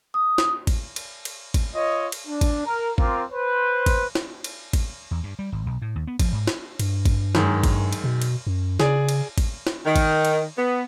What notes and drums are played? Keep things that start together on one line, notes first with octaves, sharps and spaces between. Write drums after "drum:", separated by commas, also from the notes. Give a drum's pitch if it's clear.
D#6
drum: snare
drum: kick G#1, cymbal
drum: cymbal
drum: cymbal
drum: kick G#1, cymbal
F4 C#5 D#5
drum: cymbal
D4
drum: kick G#1, cymbal
A#4
C4 F4 A#4 D6, drum: kick G#1
B4 C5
drum: kick G#1, cymbal
drum: snare
drum: cymbal
drum: kick G#1, cymbal
E2
G2
G3
G#1
B1
A2
D#2
B3
F3, drum: kick G#1, cymbal
G#2
drum: snare
G2, drum: cymbal
drum: kick G#1, cymbal
F#2 D#3 G#3, drum: snare
drum: kick G#1, cymbal
drum: cymbal
B2
drum: cymbal
F#2
C#3 G#4 D5, drum: snare
drum: cymbal
drum: kick G#1, cymbal
drum: snare
D#3
drum: kick G#1, cymbal
drum: cymbal
B3